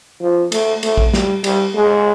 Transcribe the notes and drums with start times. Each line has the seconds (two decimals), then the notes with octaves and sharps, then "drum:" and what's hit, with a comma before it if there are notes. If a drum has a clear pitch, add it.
0.21 F3
0.52 A3, drum: cymbal
0.83 A3, drum: cymbal
0.98 drum: kick
1.14 G3, drum: snare
1.44 G3, drum: cymbal
1.75 G#3